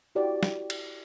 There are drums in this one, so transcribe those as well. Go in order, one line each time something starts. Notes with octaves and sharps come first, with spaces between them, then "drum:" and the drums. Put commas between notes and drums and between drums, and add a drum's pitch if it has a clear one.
E4 F#4 G4 D5
drum: snare
drum: cymbal